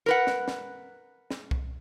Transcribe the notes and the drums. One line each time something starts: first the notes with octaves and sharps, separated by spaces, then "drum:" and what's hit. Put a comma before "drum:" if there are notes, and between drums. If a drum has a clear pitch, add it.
A#4 B4 F#5
drum: snare
drum: snare
drum: snare
drum: kick C2